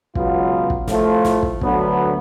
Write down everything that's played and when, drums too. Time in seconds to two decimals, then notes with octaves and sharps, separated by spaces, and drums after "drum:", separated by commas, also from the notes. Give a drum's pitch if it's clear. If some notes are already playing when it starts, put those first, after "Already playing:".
0.15 C#2 B2 F#3 B3 F4, drum: kick
0.70 drum: kick
0.87 A2 F3 A3 F4, drum: snare
1.24 drum: snare
1.43 drum: kick
1.61 D2 D3 F#3 B3, drum: kick